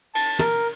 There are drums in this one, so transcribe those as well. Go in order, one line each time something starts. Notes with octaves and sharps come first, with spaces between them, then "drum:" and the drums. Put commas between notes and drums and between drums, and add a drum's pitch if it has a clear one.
A5, drum: cymbal
A#4, drum: tom